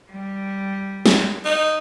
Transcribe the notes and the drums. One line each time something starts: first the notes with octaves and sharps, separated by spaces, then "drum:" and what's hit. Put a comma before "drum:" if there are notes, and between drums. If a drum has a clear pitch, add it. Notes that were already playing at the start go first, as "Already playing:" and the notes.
G3
drum: snare
D#4